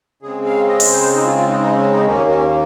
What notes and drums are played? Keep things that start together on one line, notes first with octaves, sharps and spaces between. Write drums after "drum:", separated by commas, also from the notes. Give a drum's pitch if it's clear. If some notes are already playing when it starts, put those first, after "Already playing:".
C#3 G#3 C4 G#4
F5
D#5
drum: open hi-hat
C5
D#4
F4
F4
D#4
D#4
C#4
D#4
D#2 D#3 A#3 C#4
C#4